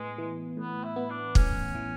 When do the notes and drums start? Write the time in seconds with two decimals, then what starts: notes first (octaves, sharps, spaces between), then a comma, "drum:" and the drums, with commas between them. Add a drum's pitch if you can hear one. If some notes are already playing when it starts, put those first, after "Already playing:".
Already playing: A2 G#3 B3
0.18 E3
0.57 A2 B3
0.84 E4
0.96 B3
1.10 D4
1.35 A2 C#4, drum: kick
1.75 E3